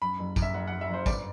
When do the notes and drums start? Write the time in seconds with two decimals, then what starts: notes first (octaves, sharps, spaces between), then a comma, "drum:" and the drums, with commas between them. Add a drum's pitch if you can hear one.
0.01 F#2 B5
0.19 F#1
0.36 F#2, drum: kick, tambourine
0.42 E5
0.54 F#1 F#5
0.68 F#2 F#5
0.81 E5
0.89 F#1 C5
1.06 G1 D5, drum: kick, tambourine